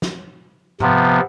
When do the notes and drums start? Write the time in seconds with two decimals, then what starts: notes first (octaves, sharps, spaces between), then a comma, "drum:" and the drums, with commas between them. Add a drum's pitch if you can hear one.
0.02 drum: snare
0.80 C3 F3 B3, drum: tom G#2